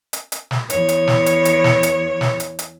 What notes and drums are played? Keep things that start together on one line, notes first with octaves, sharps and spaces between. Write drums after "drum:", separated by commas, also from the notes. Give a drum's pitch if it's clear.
drum: hi-hat
drum: hi-hat
drum: snare
E2 C#5, drum: hi-hat
drum: hi-hat
drum: snare
drum: hi-hat
drum: hi-hat
drum: snare
drum: hi-hat
drum: snare
drum: hi-hat
drum: hi-hat